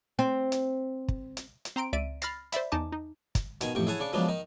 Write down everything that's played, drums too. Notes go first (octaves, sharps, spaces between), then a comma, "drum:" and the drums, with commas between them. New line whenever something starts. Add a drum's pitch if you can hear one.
C4
drum: hi-hat
drum: kick
drum: hi-hat
drum: hi-hat
C4 A#5 C6 D7
C#2 D5 E5 D7 D#7
B5 F6 A6 A#6 C7, drum: hi-hat
C5 D5 E5 B5, drum: hi-hat
E2 D#4 G#5 A5 D6
D#4
drum: kick, hi-hat
B2 D#3 G#5, drum: hi-hat
A1 F2 C3 G5 C#6
E4 G#4 C#5 F#5 G#5 A5
C#3 D4 C#6 D6
C#3 F3 F#3 G#3 B3 D4
D#3 D#4